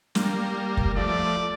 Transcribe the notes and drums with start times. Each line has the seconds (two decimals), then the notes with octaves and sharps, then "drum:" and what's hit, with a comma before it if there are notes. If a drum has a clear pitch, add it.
0.15 G3 A#3, drum: snare
0.77 drum: kick
0.96 F3 A3 D5